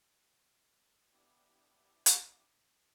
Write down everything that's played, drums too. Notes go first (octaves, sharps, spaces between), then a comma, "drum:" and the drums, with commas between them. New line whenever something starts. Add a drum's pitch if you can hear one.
B3 D4 E4 G4
drum: hi-hat